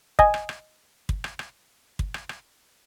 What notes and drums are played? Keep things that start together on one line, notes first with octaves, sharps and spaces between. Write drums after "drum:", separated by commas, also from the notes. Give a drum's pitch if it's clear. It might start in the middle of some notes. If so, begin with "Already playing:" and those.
D#5 G#5, drum: kick
drum: rim click
drum: rim click
drum: kick
drum: rim click
drum: rim click
drum: kick
drum: rim click
drum: rim click